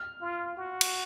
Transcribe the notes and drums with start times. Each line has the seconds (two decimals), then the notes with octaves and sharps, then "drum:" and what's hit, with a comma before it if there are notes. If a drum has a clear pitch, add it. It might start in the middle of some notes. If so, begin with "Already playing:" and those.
Already playing: F6
0.21 F4
0.57 F#4
0.81 drum: cymbal